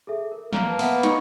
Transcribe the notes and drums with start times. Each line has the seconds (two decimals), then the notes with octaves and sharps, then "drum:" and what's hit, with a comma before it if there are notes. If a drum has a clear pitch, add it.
0.07 G#4 A4 E5
0.32 A#4
0.53 A#3 A#5, drum: snare
0.67 B4 A5
0.79 B3 E5 F#5, drum: open hi-hat
1.03 D4 D#4 D#5 C#6, drum: hi-hat